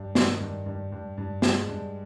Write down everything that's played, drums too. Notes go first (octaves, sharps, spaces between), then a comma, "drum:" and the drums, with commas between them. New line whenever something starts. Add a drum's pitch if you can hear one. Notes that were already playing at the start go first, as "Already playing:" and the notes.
Already playing: G2
D#3, drum: snare
G2
G2
G2
G2
G#3, drum: snare
G2